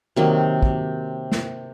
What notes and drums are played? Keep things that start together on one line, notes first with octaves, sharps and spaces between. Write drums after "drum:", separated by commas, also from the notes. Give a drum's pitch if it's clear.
C3 D#3 F#3 A#3
drum: kick
drum: snare